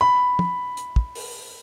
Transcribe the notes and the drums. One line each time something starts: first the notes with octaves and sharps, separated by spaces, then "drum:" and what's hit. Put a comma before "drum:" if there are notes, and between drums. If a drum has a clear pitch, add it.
B5
drum: tom
drum: hi-hat
drum: kick
drum: open hi-hat